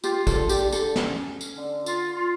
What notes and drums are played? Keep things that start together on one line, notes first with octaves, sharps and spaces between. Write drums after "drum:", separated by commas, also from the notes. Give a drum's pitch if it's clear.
F4 G4, drum: tambourine
A4, drum: kick, tambourine
D3
G4, drum: tambourine
D3
A4, drum: tambourine
C#4, drum: snare
C#4
drum: tambourine
D3
F4, drum: tambourine
F4